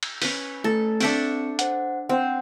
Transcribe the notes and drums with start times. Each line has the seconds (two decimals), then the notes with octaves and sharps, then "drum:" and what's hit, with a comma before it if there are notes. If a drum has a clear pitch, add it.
0.03 drum: cymbal
0.22 C#4 B4, drum: open hi-hat
0.64 A3 A4
1.00 C4 D4 E5 G5 C#7, drum: open hi-hat
1.59 C5 F#5, drum: hi-hat
2.09 C4 F#5 G5